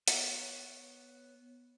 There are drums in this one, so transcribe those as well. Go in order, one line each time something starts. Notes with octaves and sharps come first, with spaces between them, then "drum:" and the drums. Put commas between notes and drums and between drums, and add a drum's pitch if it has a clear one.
B3 C#5, drum: hi-hat